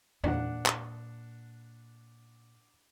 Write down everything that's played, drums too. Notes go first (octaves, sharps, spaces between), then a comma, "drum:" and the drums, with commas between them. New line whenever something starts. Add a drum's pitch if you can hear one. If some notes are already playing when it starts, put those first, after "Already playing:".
A#2 D4 F#5, drum: tom E2
drum: clap